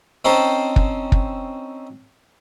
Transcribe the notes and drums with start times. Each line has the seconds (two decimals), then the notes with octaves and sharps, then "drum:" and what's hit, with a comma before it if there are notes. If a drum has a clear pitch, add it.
0.25 C4 C#4 D#4 A4 C5
0.76 drum: kick
1.12 drum: kick